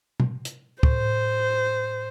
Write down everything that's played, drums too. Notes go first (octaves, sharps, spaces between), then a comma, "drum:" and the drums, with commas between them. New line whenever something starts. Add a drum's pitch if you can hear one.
drum: tom B2
drum: hi-hat
A2 C5, drum: kick